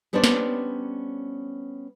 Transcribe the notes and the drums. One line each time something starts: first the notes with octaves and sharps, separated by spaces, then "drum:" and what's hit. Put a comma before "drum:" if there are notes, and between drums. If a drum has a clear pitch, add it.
G3 B3 C#4 D4 C5 D5
drum: snare